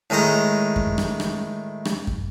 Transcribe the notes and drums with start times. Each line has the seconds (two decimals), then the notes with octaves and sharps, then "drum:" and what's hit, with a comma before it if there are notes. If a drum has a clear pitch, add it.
0.10 A2 D#3 G#3 A5 A#5
0.76 drum: kick F#2
0.98 drum: rim click
1.20 drum: rim click
1.85 drum: rim click
2.07 drum: kick F#2